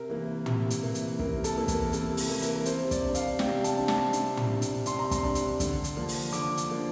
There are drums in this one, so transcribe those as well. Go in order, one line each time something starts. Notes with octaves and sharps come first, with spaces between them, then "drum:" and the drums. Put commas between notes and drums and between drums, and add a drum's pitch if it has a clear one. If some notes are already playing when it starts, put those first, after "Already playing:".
Already playing: C3 A#4
E3 A#3
C3, drum: tom
drum: hi-hat
E3 A#3
drum: hi-hat
C3 A#4, drum: kick
A4, drum: hi-hat
E3 A#3
A#4, drum: kick, hi-hat
C3 A4, drum: hi-hat
drum: open hi-hat
E3 A#3
A#4, drum: hi-hat
A#4
C3 C5, drum: hi-hat
D5, drum: kick, hi-hat
G3 D4
F5, drum: hi-hat
C3 G5, drum: snare
A5, drum: hi-hat
G3 D4
A5, drum: snare
C3, drum: hi-hat
drum: tom
G3 D4
drum: hi-hat
C3 C6, drum: hi-hat
A#5
C6, drum: kick, hi-hat
G3 D4
drum: hi-hat
D3, drum: kick, hi-hat
drum: hi-hat
F3 A#3 D4
drum: open hi-hat
D3 D6, drum: hi-hat
drum: hi-hat
F3 A#3 D4